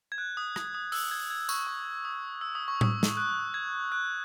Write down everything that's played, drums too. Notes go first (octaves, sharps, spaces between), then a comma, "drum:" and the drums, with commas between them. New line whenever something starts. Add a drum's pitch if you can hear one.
G#6
F#6
D#6
D#6, drum: rim click
D#6
E6, drum: open hi-hat
G#6
G#6
C#6, drum: tambourine
C#6
D#6
E6
D#6
C#6
D#6, drum: tom A2
drum: snare
F#6
G#6
F#6